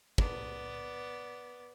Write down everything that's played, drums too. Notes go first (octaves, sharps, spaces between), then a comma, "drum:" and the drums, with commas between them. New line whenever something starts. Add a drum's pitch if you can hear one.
B3 D5, drum: kick